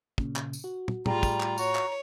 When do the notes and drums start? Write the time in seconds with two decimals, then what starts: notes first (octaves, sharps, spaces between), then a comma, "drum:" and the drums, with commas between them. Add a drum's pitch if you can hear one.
0.18 A#2 C#3, drum: kick
0.36 drum: clap
0.53 drum: tambourine
0.64 F#4
0.88 drum: tom
1.06 A2 G3 F4 G#4 A#5, drum: tom
1.23 drum: kick, tambourine
1.40 drum: clap
1.58 F#4 C#5, drum: tambourine
1.75 drum: clap